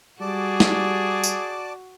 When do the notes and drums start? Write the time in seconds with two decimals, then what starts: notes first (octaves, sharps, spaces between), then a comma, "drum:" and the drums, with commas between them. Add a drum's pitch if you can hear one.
0.21 G3 F#4 G#4 D5 A5 D6
0.60 drum: snare
1.24 drum: tambourine